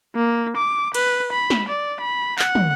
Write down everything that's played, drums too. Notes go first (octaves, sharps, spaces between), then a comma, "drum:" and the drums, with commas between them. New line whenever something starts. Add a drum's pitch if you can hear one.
A#3
D6
B4, drum: cymbal
B5
drum: snare
D5
B5
F#5, drum: clap
drum: tom